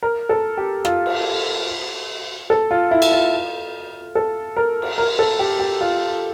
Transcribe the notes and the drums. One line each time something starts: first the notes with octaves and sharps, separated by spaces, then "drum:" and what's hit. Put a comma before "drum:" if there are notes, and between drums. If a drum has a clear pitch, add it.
A#4
A4
G4
F4, drum: rim click
drum: cymbal
A4
F4
E4
drum: cymbal
F4
A4
A#4
drum: cymbal
A#4
A4
G4
G4
F4